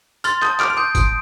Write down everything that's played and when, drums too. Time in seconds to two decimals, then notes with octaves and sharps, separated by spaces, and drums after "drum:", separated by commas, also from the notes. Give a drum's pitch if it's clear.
0.24 C6 F6 A6, drum: tambourine
0.42 A5 D#6 G6, drum: clap
0.60 D6 F6 D7, drum: clap
0.70 F6
0.77 C6 D#6 G6
0.95 D7, drum: kick, tambourine